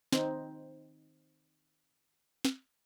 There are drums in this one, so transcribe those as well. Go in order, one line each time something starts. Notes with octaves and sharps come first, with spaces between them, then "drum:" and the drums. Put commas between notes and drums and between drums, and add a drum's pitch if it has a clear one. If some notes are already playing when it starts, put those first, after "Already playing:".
D#3 C4 D#4 C5, drum: snare
drum: snare